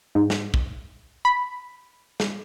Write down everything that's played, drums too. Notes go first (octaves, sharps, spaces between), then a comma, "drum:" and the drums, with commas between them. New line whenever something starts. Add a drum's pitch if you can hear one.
G#2
drum: snare
drum: kick
B5
drum: snare